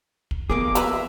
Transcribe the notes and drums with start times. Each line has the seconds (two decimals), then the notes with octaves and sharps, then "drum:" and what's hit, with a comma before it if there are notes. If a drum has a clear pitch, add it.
0.31 drum: kick
0.50 F2 A#3 B3 G#4 D6
0.75 B4 E5 A#5, drum: hi-hat